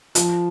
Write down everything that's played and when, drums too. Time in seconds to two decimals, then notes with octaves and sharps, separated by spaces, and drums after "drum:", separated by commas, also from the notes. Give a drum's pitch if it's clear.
0.15 F3, drum: hi-hat